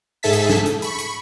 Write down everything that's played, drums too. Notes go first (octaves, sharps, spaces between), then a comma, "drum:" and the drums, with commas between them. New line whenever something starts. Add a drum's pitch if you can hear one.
G#2 G#4 A4 E5 A5 B6
drum: hi-hat
drum: snare
drum: hi-hat
B5 C#6, drum: hi-hat
drum: hi-hat